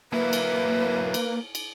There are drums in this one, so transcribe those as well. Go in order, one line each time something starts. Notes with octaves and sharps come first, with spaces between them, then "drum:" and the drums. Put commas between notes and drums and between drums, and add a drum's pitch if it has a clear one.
F#3 A#3 E4 B4
drum: cymbal
drum: cymbal
drum: cymbal